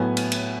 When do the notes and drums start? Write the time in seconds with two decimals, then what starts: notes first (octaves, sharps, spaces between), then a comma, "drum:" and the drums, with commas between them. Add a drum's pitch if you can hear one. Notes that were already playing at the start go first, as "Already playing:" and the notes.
Already playing: A2 F#3 B3 G#5
0.17 drum: cymbal
0.32 drum: cymbal